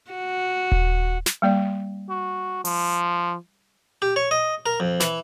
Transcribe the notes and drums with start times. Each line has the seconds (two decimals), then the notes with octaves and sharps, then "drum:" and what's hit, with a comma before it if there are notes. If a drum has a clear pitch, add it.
0.11 F#4
0.72 drum: kick D#1
1.26 drum: snare
1.42 G3 A#3 D5
2.10 F#4
2.65 F3, drum: open hi-hat
4.02 G4
4.16 C#5
4.31 D#5
4.66 A#4
4.80 F2
5.00 E3, drum: snare